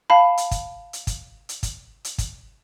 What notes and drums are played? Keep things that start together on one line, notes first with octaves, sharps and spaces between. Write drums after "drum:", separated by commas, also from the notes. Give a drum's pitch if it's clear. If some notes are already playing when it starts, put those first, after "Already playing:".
F5 A5 B5
drum: hi-hat
drum: kick, hi-hat
drum: hi-hat
drum: kick, hi-hat
drum: hi-hat
drum: kick, hi-hat
drum: hi-hat
drum: kick, hi-hat